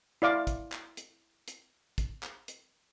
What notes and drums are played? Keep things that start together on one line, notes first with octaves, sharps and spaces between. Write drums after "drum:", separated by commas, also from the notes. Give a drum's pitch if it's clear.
E4 D5 F5 D6
drum: kick, hi-hat
drum: clap
drum: hi-hat
drum: hi-hat
drum: kick, hi-hat
drum: clap
drum: hi-hat